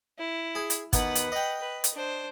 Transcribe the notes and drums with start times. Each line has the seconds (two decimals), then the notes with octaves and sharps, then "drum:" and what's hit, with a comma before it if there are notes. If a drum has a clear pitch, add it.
0.18 E4
0.55 G#4
0.70 drum: hi-hat
0.93 D#2 B3 B4 F#5, drum: kick, hi-hat
1.15 drum: hi-hat
1.32 D#5 G5
1.61 B4
1.84 drum: hi-hat
1.94 D4 C5